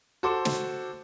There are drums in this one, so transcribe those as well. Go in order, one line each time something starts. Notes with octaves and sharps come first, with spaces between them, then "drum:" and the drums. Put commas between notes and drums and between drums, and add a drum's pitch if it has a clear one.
F#4 A4 C5 D6
drum: snare